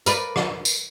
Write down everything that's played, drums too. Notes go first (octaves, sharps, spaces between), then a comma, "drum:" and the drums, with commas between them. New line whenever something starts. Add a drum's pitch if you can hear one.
A#4 B4 D5, drum: tambourine
drum: rim click
drum: tambourine